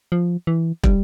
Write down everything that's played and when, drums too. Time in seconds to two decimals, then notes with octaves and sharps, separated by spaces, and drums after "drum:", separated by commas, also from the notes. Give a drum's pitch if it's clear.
0.12 F3
0.47 E3
0.84 G3, drum: kick